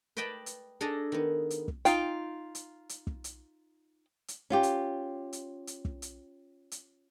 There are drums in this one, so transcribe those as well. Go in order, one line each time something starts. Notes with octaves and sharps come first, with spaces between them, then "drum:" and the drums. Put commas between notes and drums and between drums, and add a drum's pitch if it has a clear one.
B4 D5 D#5 G5 A5 B5
drum: hi-hat
D4 G#4 A4 D5 D#5 A#5
D#3 B3
drum: hi-hat
drum: kick
D#4 F4 G5, drum: hi-hat
drum: hi-hat
drum: hi-hat
drum: kick
drum: hi-hat
drum: hi-hat
C#4 F4 G4
drum: hi-hat
drum: hi-hat
drum: hi-hat
drum: kick
drum: hi-hat
drum: hi-hat